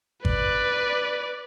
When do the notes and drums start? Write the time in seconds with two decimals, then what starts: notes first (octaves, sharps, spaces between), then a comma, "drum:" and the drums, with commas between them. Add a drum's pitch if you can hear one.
0.25 B4 D5, drum: kick